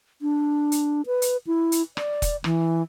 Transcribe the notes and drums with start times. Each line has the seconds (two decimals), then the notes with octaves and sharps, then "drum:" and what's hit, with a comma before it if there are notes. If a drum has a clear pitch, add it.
0.22 D4
0.72 drum: hi-hat
1.06 B4
1.22 drum: hi-hat
1.47 E4
1.72 drum: hi-hat
1.97 D5, drum: rim click
2.22 drum: kick, hi-hat
2.44 E3, drum: rim click